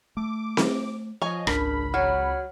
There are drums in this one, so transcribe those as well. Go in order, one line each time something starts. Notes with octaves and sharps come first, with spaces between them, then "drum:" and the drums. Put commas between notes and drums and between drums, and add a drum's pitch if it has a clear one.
A3 D6
drum: snare C4
F3 C#5 D#5 G#5
G#1 C#2 D4 A#4 B5 B6, drum: rim click
F#3 C#5 F#5 F6